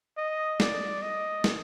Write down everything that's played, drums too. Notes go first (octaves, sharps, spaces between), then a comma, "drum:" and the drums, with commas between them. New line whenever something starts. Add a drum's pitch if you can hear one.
D#5
D5, drum: snare
D#5
drum: snare